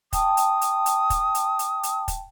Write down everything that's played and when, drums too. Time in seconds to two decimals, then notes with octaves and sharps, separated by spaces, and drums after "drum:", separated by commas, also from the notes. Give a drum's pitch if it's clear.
0.13 G5 A5 D#6, drum: kick, hi-hat
0.37 drum: hi-hat
0.61 drum: hi-hat
0.86 drum: hi-hat
1.10 drum: kick, hi-hat
1.35 drum: hi-hat
1.59 drum: hi-hat
1.83 drum: hi-hat
2.08 drum: kick, hi-hat